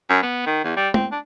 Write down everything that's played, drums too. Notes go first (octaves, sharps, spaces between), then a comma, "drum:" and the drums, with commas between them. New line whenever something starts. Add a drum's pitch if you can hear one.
F#2
B3
D#3
E2
G3
C4, drum: tom
D4